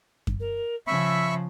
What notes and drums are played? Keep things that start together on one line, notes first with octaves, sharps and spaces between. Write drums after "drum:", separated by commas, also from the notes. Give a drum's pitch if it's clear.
drum: kick F#2
A#4
C#3 F3 E5 B5 C#6 E6